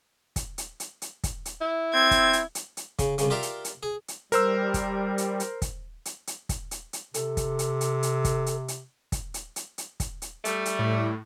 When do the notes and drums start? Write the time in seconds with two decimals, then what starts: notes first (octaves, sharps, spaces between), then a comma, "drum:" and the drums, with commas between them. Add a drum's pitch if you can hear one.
0.36 drum: kick, hi-hat
0.58 drum: hi-hat
0.80 drum: hi-hat
1.02 drum: hi-hat
1.24 drum: kick, hi-hat
1.45 drum: hi-hat
1.61 E4
1.94 C4 G#6
2.11 drum: kick, hi-hat
2.33 drum: hi-hat
2.55 drum: hi-hat
2.77 drum: hi-hat
2.99 C#3, drum: kick, hi-hat
3.18 C2 C#3, drum: hi-hat
3.30 F4 G4 A#4 D5 E5 F5
3.43 drum: hi-hat
3.65 drum: hi-hat
3.83 G#4
4.08 drum: hi-hat
4.32 G3 A#4 C5 E6, drum: hi-hat
4.74 drum: kick, hi-hat
5.18 drum: hi-hat
5.40 drum: hi-hat
5.62 drum: kick, hi-hat
6.05 drum: hi-hat
6.27 drum: hi-hat
6.49 drum: kick, hi-hat
6.71 drum: hi-hat
6.93 drum: hi-hat
7.14 C3 A4, drum: hi-hat
7.37 drum: kick, hi-hat
7.59 drum: hi-hat
7.81 drum: hi-hat
8.03 drum: hi-hat
8.25 drum: kick, hi-hat
8.46 drum: hi-hat
8.68 drum: hi-hat
9.12 drum: kick, hi-hat
9.34 drum: hi-hat
9.56 drum: hi-hat
9.78 drum: hi-hat
10.00 drum: kick, hi-hat
10.22 drum: hi-hat
10.45 G3 A3, drum: hi-hat
10.65 drum: hi-hat
10.79 A2